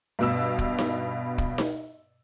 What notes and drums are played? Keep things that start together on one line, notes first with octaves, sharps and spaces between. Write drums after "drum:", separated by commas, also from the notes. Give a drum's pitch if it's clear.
G2 B2 E6
drum: kick
drum: snare D#4
drum: kick
drum: snare D#4